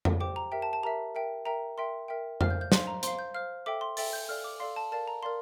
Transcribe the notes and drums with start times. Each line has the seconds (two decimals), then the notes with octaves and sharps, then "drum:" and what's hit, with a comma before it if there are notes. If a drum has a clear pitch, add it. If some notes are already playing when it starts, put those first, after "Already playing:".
0.05 drum: tom F2
0.20 G4 C5 G5 D6
0.36 A#5
0.52 G4 A#4 E5 G5
0.62 A5
0.73 A5
0.83 G4 A#4 E5 A#5
1.15 A#4 E5 G5
1.45 A#4 E5 G5 A#5
1.77 A#4 E5 G5 C6
2.08 A#4 E5 G5
2.41 C5 F5 F6, drum: tom F2
2.50 G6
2.61 G6
2.72 C5 F5 C6, drum: snare
2.87 A#5
3.03 C5 F5 C6, drum: hi-hat
3.19 G6
3.34 C5 F5 F6
3.66 A4 E5 G5 D6
3.81 C6
3.97 A4 E5 G5 A6, drum: open hi-hat
4.13 G6
4.29 A4 D5 F5 F6
4.44 D6
4.60 A4 D5 F5 C6
4.76 A5
4.92 A#4 D5 F5 A5
5.08 A#5
5.23 A#4 D5 F5 C6